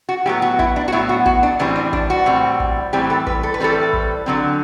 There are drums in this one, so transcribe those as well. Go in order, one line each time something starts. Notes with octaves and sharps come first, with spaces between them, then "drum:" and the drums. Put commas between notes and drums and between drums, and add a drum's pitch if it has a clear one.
F#4
A2 F#3 B3 G4
F#4
E4, drum: kick
D4
F#4
A2 F#3 B3 E4
F#4
F#4, drum: kick
D4
A2 E3 G3 C4 D4
D4
D4, drum: kick
F#4
A2 E3 G3 C4
drum: kick
A2 E3 G3 C4 G4
A4
B4, drum: kick
A4
B4
A2 E3 G3 C4 A4
drum: kick
D3 F#3 C4